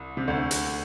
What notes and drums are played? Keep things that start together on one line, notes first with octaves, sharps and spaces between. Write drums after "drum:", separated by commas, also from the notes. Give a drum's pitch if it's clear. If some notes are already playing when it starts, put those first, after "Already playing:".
Already playing: C2
C3
D2 D3
drum: hi-hat